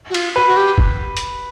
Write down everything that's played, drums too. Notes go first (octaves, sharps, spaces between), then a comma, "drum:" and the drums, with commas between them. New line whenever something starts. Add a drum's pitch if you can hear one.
F#4
F4, drum: cymbal
F#4 B4
F#4
G4
drum: kick F#1
drum: hi-hat